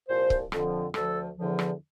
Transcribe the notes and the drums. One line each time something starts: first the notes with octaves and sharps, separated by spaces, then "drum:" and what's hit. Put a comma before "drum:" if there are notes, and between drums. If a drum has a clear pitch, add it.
C2 A#2 F3 C5
drum: kick C#1
F2 D3 F3, drum: rim click
D2 D3 F3 A4, drum: rim click
E2 D3 F3
drum: rim click